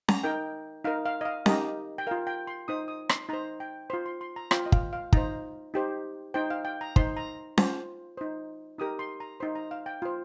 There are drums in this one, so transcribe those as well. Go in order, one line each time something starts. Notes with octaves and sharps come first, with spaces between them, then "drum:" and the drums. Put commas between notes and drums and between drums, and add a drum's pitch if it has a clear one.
A#5, drum: snare C#4
D#4 A#4 G5
D#4 A#4 F5
F5
D#5
F5
D#4 G4 A#4 D#5, drum: snare C#4
G5
F4 A#4 F5
G5
C6
D#4 C5 D#6
D#6
C6, drum: rim click
D#4 C5 A#5
G5
F4 C5 C6
C6
C6
A#5
F4 C5 G5, drum: rim click
D#5
F5, drum: kick
F5
D#4 C5 A#5, drum: kick
D#4 G4 C5
D#4 C5 G5
F5
G5
A#5
D#4 C5 C6, drum: kick
A#5
F4 C5, drum: snare C#4
D#4 C5
D#4 G4 A#4 D#6
C6
A#5
D#4 C5 C6
A#5
F5
G5
F4 C5